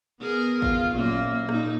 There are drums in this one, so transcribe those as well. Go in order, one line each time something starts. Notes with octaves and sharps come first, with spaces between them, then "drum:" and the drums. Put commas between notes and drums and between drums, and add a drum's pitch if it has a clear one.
B3 G#4 A#4
F4, drum: kick G#1
F#2 A#2 A#3
A#2 D#4, drum: rim click